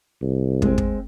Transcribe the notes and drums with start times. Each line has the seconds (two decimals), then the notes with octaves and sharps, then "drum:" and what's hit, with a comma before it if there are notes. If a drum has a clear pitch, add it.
0.22 C2
0.62 G#3 C4, drum: kick
0.78 drum: kick